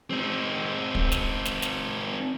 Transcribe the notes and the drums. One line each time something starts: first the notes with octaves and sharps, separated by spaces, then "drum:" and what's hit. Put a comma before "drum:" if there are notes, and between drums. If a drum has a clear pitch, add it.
C4 D#4
drum: kick
drum: snare
drum: snare
drum: snare